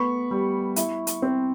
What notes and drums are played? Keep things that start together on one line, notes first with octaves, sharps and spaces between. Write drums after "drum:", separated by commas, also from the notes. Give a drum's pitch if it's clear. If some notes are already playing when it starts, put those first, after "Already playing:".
Already playing: A3 B3 B5 C#6
G3
E4, drum: hi-hat
drum: hi-hat
C4